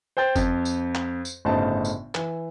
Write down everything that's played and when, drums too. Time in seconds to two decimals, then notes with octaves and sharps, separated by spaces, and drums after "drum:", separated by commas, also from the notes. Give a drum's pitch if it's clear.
0.17 C5 G5 G6 A6
0.36 F2, drum: kick F#1, tambourine
0.65 drum: tambourine
0.95 drum: clap
1.25 drum: tambourine
1.45 G1 A2 C#3 D#4 C5 A5
1.85 drum: tambourine
2.15 E3, drum: clap